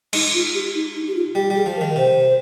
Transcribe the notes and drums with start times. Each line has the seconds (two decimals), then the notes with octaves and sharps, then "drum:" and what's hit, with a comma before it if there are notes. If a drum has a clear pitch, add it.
0.13 G#3 D#4, drum: cymbal
0.34 F4
0.54 G4
0.75 D#4
0.96 D#4
1.07 G4
1.16 F4
1.35 G3 G4
1.50 G3
1.56 G#4
1.66 F3
1.77 A#4
1.81 D#3
1.96 C3 C5